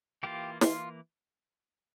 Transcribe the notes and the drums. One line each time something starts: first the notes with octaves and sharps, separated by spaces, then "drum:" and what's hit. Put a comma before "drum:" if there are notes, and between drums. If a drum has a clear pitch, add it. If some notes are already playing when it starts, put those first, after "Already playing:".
E3 A#3 F4 G4
F4, drum: snare